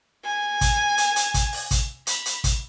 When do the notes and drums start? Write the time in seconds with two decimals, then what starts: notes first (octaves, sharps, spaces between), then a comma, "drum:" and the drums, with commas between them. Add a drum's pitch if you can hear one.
0.25 G#5
0.61 drum: kick, hi-hat
0.98 drum: hi-hat
1.16 drum: hi-hat
1.34 drum: kick, hi-hat
1.52 drum: open hi-hat
1.71 drum: kick, hi-hat
2.07 B5, drum: hi-hat
2.26 drum: hi-hat
2.44 drum: kick, hi-hat